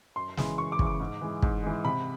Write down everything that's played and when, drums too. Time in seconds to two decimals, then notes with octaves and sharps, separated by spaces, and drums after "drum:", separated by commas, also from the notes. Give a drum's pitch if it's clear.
0.16 F#2 C6
0.37 C#3 E3 G#3, drum: snare
0.57 F#2 C#6
0.72 D6
0.79 C#3 E3 G#3, drum: kick
0.86 D6
1.00 G#2
1.21 E3 G#3
1.42 G#2, drum: kick
1.63 E3 G#3
1.84 C3 B5